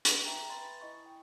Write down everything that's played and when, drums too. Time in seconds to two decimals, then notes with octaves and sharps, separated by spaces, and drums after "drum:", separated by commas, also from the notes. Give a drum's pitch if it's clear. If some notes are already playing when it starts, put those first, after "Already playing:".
0.05 drum: hi-hat
0.25 E5 G5 A#5
0.50 B4 E5 G#5 B5 C6 A6
0.81 E4 D#5 C#6
1.06 G5